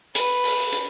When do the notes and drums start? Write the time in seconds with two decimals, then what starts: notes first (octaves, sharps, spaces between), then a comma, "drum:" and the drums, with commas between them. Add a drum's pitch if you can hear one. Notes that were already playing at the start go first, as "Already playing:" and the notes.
0.15 B4, drum: hi-hat
0.44 drum: open hi-hat
0.72 drum: hi-hat